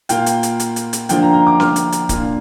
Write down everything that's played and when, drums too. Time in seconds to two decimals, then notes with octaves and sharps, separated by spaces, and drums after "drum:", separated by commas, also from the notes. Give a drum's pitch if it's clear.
0.09 A#2 A#3 F4 G5, drum: hi-hat
0.26 drum: hi-hat
0.43 drum: hi-hat
0.60 drum: hi-hat
0.76 drum: hi-hat
0.93 drum: hi-hat
1.09 D3 F3 A#3 D4 F4 G5, drum: hi-hat
1.22 A#5
1.34 A#5
1.47 D6
1.60 F6, drum: snare C#4
1.76 drum: hi-hat
1.92 drum: hi-hat
2.09 A#2 A#3 D4 F4, drum: kick C#1, hi-hat